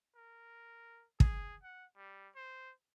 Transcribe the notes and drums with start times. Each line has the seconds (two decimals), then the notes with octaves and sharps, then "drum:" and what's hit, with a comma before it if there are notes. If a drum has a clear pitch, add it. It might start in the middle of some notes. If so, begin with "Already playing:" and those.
0.15 A#4
1.20 G#4, drum: kick
1.63 F#5
1.97 G3
2.35 C5